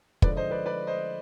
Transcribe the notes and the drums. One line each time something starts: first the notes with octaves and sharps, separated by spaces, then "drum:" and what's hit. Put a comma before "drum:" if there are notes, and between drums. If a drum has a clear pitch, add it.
D3 F3 G#3 B4 D5, drum: kick
C5 D#5
B4 D5
B4 D5
C5 D#5